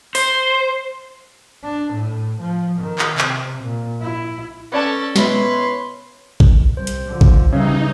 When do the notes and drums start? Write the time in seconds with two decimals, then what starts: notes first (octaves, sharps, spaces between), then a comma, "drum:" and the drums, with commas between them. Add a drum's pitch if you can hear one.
0.15 C5, drum: open hi-hat
1.64 D4
1.94 A2
2.40 F3
2.79 D#3
2.99 drum: clap
3.18 C3, drum: clap
3.63 A#2
4.01 E4
4.72 C#4 A4 B4 D5 A5
5.16 B2 E4 B4 C#5 C6, drum: snare
6.40 drum: kick A1
6.77 C2 C5
6.87 drum: hi-hat
7.07 D3 F3
7.21 drum: kick A1
7.52 C#3 E3 G3 D#4 C#5